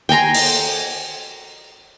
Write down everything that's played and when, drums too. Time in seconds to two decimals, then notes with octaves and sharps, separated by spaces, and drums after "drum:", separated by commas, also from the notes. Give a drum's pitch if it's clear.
0.09 G5 G#5 A#5 C6
0.34 drum: open hi-hat